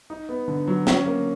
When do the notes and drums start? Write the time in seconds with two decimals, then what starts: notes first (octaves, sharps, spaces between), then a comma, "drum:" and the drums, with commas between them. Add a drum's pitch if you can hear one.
0.10 D#4
0.29 B3
0.48 D3
0.68 F#3
0.87 C#4, drum: snare
1.06 A#3